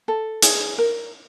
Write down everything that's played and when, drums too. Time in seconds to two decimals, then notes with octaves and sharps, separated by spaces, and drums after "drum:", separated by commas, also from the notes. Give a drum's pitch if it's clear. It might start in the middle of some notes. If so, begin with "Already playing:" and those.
0.08 A4
0.42 G#4, drum: hi-hat
0.78 A#4